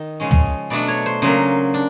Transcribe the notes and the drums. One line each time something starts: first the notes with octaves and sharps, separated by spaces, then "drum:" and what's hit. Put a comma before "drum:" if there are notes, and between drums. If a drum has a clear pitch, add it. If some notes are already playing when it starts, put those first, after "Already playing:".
Already playing: D#3 D#5
C#3 F3 G#3 C#4
drum: tom
B2 F#3 A3 D4 D5
C#5
C5
C#3 F#3 A#3 C5
D4